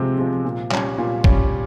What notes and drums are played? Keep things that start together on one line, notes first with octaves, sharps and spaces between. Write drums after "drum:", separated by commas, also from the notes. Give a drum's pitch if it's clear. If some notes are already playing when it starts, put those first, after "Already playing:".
Already playing: C3 F3 G#3 C4
F3 G#3 C4
A#2
G3 C#4, drum: clap
A#2
G3 C#4, drum: kick